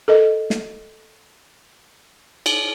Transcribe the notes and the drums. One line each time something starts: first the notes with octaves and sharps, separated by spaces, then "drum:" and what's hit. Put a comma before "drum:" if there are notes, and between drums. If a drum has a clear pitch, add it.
A4 A#4 D#5
drum: snare
drum: cymbal